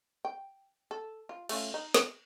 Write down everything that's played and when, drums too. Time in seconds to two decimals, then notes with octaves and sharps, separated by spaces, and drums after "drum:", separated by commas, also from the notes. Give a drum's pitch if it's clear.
0.25 G5
0.91 A4
1.29 F4
1.49 A3 C#4 F4, drum: cymbal
1.74 D#4
1.94 drum: snare